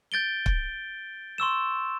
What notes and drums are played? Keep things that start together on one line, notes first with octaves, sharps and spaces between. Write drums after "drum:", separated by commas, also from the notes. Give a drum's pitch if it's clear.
G6 A6 D7 G7
drum: kick
C6 C#6 E6 E7